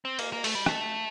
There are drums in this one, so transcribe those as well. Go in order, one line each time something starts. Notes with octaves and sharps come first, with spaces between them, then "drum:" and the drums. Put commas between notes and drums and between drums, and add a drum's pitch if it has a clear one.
C4
A#3, drum: cymbal
A#3
A3, drum: open hi-hat
G3
A3, drum: rim click